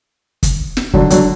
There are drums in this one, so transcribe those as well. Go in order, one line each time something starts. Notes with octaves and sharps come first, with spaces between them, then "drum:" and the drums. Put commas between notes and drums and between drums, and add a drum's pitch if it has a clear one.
drum: kick, hi-hat
drum: snare
D3 F#3, drum: kick
D3 F#3, drum: hi-hat